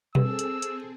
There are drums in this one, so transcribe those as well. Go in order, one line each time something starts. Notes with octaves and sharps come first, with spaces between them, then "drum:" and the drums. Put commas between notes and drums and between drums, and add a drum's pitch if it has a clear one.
G2 C4 G#4 A4 E6, drum: tom B2
drum: hi-hat
drum: hi-hat